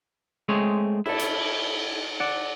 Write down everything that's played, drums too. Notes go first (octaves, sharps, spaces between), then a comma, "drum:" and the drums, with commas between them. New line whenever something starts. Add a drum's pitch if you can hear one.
G#3 A3 C4 G#4 C#5
E4 A4, drum: cymbal
drum: hi-hat
D5 F#5